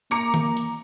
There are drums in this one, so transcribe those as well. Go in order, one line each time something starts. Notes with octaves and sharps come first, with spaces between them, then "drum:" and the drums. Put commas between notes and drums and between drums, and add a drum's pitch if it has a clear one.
A#3 A#5 D6 C#7, drum: hi-hat
drum: tom D#3
drum: hi-hat